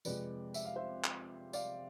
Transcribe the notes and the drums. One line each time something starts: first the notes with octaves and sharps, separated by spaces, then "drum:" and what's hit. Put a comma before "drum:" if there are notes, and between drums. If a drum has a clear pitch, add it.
F2 C3 G#3 B4 D5, drum: tambourine
E5, drum: tambourine
F5
C5 E5
drum: clap
D5 F5, drum: tambourine